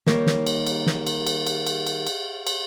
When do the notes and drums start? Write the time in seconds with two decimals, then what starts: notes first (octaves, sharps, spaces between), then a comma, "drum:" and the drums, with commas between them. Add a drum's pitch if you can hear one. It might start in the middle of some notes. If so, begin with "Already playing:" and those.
0.06 D#3 G3 A#3 D#4 A#4 C#5, drum: snare
0.26 drum: snare
0.46 drum: cymbal
0.67 drum: cymbal
0.87 drum: snare
1.07 drum: cymbal
1.27 drum: cymbal
1.47 drum: cymbal
1.67 drum: cymbal
1.87 drum: cymbal
2.07 drum: cymbal
2.47 drum: cymbal